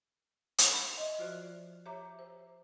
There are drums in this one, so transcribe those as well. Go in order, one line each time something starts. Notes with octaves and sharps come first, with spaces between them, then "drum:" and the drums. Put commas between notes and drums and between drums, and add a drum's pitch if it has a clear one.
drum: hi-hat
B5 C6 D#6
D#5 E5
F3 F4 F#4 C5 D5 F#6
G4 C#5 E5 A#5 D6
C5